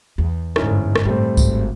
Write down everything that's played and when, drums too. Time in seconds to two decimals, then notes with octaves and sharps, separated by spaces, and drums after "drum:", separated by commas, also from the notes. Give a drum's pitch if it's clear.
0.18 E2
0.56 G1 G#2 C#4 D#4 E4, drum: rim click
0.96 drum: rim click
1.05 A2 G3 A3 C4 E4
1.37 G#1, drum: kick C2, tambourine